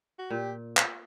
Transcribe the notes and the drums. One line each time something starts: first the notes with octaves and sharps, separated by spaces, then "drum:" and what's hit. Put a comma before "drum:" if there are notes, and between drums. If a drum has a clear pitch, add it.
F#4
A#2 G4
drum: clap